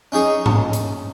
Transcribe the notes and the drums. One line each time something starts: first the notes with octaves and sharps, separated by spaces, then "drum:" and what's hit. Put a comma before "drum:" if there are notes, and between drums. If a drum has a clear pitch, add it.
C#4 D#4 G#4 C#5
drum: tom G#2
drum: hi-hat